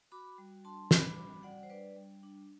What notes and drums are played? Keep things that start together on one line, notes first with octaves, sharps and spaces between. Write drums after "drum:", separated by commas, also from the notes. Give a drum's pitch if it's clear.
F#4 B5 D6
G3
D4 A5 C6
G3 B5 D6, drum: snare
F#4 B5 D6
G3 D5 F#5
C5
D4 B4 D5
G3
D4